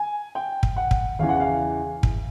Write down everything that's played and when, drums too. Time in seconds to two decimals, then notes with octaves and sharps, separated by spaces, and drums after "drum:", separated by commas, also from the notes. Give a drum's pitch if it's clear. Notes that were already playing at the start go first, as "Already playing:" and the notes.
Already playing: G#5
0.35 G5
0.63 drum: kick
0.76 F#5
0.91 drum: kick
1.19 E2 C#3 E3 F5
1.29 F#5
1.40 F5
2.03 drum: kick